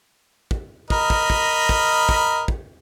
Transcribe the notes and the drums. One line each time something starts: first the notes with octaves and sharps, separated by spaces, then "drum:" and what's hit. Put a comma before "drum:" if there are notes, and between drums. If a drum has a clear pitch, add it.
drum: kick
A#4 D#5 B5, drum: kick
drum: kick
drum: kick
drum: kick
drum: kick
drum: kick